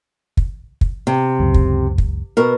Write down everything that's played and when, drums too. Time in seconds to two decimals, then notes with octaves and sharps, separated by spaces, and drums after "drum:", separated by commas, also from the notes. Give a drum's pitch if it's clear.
0.37 drum: kick
0.81 drum: kick
1.07 C3
1.40 C#2 F#2
1.54 drum: kick
1.98 drum: kick
2.37 B2 A#4